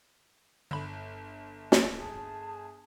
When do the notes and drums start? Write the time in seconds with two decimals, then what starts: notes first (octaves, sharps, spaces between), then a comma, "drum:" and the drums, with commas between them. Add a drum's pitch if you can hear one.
0.71 G1 D3 B5
1.72 drum: snare
1.99 G#4 A5